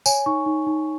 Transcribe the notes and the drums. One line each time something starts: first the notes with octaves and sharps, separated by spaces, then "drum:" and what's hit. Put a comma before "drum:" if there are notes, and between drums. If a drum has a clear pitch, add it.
C#5 G#5, drum: tambourine
D#4 C#6
D#4
D#4